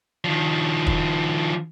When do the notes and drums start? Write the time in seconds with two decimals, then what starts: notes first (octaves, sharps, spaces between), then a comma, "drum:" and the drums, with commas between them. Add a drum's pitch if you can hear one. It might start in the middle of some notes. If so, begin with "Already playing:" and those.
0.24 D#3 F3
0.87 drum: kick